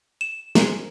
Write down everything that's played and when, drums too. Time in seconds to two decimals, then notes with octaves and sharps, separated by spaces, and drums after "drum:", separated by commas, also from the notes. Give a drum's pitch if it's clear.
0.21 E7
0.55 G#4 A#4 C5, drum: snare